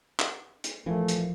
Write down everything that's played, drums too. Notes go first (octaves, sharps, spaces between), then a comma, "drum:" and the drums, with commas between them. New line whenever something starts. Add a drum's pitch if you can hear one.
drum: clap
drum: hi-hat
D#1 E3 F3 A3 A#4
drum: hi-hat